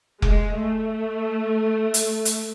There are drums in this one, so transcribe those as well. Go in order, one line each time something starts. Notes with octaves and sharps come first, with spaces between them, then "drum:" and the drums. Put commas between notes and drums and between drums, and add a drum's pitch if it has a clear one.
G#3, drum: kick F1
A3
drum: hi-hat
drum: hi-hat